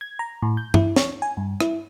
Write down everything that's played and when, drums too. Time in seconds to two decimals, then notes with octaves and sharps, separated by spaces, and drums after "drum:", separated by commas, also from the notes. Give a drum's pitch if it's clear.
0.01 G#6
0.19 A#5
0.42 A2
0.57 G6
0.74 E4, drum: tom G2
0.96 C#5, drum: snare
1.22 G#5
1.37 G2
1.60 E4, drum: rim click